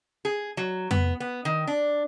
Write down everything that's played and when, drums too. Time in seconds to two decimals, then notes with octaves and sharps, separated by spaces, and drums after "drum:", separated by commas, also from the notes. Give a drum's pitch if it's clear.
0.25 G#4
0.57 F#3
0.91 B3, drum: tom F2
1.20 B3
1.45 D#3
1.67 D4